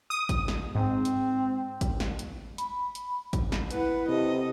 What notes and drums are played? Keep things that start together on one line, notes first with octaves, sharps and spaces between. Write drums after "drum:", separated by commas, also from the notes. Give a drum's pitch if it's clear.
D#6
drum: kick A1, hi-hat
drum: snare
G#2 C4
drum: hi-hat
drum: kick A1, hi-hat
drum: snare
drum: hi-hat
B5, drum: hi-hat
drum: hi-hat
drum: kick A1, hi-hat
drum: snare
E4 B4 F#5, drum: hi-hat
C3 A4 D#5